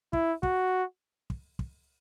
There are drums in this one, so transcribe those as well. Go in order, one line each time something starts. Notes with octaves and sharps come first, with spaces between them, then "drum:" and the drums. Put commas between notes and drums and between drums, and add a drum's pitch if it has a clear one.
E4, drum: kick
F#4, drum: kick
drum: kick
drum: kick